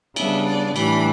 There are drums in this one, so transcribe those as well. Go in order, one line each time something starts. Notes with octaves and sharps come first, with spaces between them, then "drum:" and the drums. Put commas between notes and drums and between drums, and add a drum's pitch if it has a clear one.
C#3 G3 B3 D4 E5, drum: cymbal
D5
A2 E3 G3 D4 B5, drum: cymbal